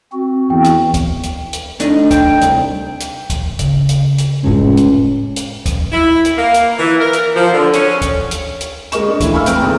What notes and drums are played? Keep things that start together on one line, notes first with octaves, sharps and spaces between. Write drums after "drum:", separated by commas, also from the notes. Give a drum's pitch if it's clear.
C4 F#4
E2 G5
drum: hi-hat
drum: kick, hi-hat
drum: hi-hat
drum: hi-hat
A3 D4 D#4, drum: hi-hat
G5, drum: kick, hi-hat
C2, drum: hi-hat
drum: hi-hat
drum: kick, hi-hat
C#3, drum: hi-hat
drum: hi-hat
drum: hi-hat
F1 C#2 A2
drum: hi-hat
drum: hi-hat
drum: kick, hi-hat
E4
drum: hi-hat
A#3
drum: hi-hat
E3
A#4
drum: hi-hat
F3
D3
C#4, drum: hi-hat
drum: kick, hi-hat
drum: hi-hat
drum: hi-hat
G#3 A#4 D#5 C#6 E7, drum: hi-hat
D4
A2 E3 E4, drum: kick, hi-hat
F5 G#5 B5 C#6 E6 F6
C4 B4 G5 A#5 D7, drum: hi-hat
B1 E2 A2 D#6